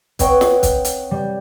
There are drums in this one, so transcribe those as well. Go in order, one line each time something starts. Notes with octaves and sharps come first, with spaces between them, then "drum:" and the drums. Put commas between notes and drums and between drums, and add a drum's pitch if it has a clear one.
C4 B4 C#5 D#5 F#5 G5, drum: kick, hi-hat
drum: snare
drum: kick, hi-hat
drum: hi-hat
G3